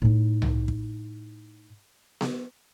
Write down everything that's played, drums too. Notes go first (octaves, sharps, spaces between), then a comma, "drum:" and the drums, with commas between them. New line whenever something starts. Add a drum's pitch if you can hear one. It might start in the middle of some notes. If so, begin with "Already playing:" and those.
A2 D#4
drum: tom C2
drum: kick
drum: snare B3